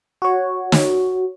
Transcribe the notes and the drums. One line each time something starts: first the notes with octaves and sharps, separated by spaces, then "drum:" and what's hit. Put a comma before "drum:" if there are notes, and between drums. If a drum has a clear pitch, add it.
F#4 C#5
drum: snare